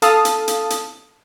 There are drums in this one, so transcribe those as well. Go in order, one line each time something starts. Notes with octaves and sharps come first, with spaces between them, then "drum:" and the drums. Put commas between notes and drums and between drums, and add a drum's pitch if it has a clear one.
A4 F5 A5 D#6, drum: hi-hat
drum: hi-hat
drum: hi-hat
drum: hi-hat